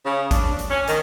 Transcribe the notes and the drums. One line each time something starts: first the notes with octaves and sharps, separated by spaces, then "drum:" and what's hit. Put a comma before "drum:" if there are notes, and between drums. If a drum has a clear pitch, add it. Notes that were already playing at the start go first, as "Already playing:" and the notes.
C#3
D4, drum: kick A1, hi-hat
drum: hi-hat
C#4
D#3, drum: hi-hat